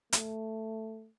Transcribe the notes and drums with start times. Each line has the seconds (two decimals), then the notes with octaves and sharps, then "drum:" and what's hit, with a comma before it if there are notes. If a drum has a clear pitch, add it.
0.13 A3, drum: hi-hat